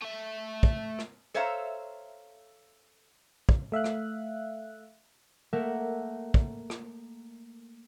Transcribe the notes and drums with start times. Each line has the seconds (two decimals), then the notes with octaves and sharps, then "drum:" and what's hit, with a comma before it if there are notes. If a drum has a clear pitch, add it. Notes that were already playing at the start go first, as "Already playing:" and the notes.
0.02 A3 E5
0.63 drum: kick
0.99 drum: rim click
1.34 A4 C5 C#5 E5 F5 A#5
3.49 drum: kick
3.72 A3 E5 F5 F#6
3.84 drum: rim click
5.53 A3 A#3 A#4 E5 F#5
6.34 drum: kick
6.70 drum: rim click